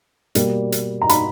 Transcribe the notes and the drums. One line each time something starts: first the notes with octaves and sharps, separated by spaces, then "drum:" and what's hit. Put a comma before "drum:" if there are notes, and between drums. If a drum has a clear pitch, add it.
B2 G3 A#3, drum: hi-hat
drum: hi-hat
A#5
B5, drum: hi-hat